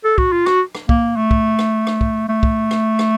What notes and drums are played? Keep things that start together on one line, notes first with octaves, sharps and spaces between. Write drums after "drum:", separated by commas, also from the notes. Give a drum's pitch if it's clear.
A4
F#4, drum: kick
F4
F#4, drum: rim click
drum: rim click
A#3, drum: kick
A3
drum: kick
drum: rim click
drum: rim click
drum: kick
A3
drum: kick
drum: rim click
drum: rim click